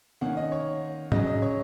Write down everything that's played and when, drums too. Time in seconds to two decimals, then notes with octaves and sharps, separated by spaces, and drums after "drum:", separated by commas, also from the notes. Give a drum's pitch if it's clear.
0.21 D#3 A#3 C#4 F#5
0.37 D#5
0.52 C#5
1.12 C#3 F#3 C#4 D#5, drum: tom
1.27 D#5
1.42 C#5